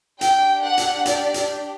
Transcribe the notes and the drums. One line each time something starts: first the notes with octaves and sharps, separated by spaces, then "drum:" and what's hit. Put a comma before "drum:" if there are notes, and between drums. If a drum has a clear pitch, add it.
D4 G4 G5, drum: hi-hat
F#5
drum: hi-hat
D5, drum: hi-hat
drum: hi-hat